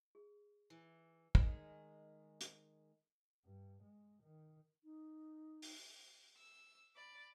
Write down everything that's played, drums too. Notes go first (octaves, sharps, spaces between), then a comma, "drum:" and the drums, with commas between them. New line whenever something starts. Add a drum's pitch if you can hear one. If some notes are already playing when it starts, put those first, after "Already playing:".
G#4
E3
D#3 G#3, drum: kick
drum: hi-hat
G2
G#3
D#3
D#4
drum: open hi-hat
E6
D5 B5